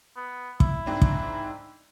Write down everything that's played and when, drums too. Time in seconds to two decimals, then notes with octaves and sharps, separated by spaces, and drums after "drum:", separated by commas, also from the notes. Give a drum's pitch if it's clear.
0.17 B3
0.60 E4, drum: kick
0.86 G#2 C4 D4
1.02 drum: kick